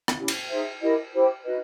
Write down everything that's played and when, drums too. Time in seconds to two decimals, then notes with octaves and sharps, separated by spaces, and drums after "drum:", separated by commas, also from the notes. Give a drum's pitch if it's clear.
0.08 drum: rim click
0.17 C#4 E4 G4
0.28 drum: cymbal
0.49 D#4 G#4 C5 E5
0.80 E4 G4 A#4 D#5
1.12 E4 G4 C5
1.44 D#4 F#4 B4 D#5